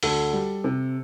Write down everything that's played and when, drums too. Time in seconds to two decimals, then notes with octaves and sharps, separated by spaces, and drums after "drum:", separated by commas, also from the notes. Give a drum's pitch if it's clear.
0.03 D2 A4, drum: open hi-hat
0.33 G3
0.64 C3